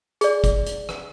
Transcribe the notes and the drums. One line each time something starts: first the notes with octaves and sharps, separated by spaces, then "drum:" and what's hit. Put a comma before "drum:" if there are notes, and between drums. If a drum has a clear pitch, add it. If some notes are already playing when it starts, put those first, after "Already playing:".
G#4 D5, drum: hi-hat
drum: kick, hi-hat
drum: hi-hat
drum: rim click